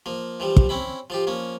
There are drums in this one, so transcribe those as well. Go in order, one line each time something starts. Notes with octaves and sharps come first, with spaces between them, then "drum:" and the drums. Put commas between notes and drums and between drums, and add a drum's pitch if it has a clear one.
F3 A#3
E3 F3 G3
drum: kick
C4 C#4 E4 B5
F3 F4 G4
F3 A#3 C#4